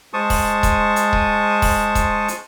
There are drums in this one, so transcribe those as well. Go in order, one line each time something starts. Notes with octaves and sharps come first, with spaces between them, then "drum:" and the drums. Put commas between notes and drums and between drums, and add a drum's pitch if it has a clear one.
G#3 C5 A5 C#6 D#6
drum: kick D#1, open hi-hat
drum: kick D#1, hi-hat
drum: hi-hat
drum: kick D#1
drum: kick D#1, open hi-hat
drum: kick D#1, hi-hat
drum: hi-hat